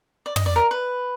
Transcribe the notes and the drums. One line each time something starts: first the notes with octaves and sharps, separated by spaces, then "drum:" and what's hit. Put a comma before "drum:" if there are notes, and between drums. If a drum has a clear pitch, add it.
D5
D#5, drum: tom
D5
A#4
B4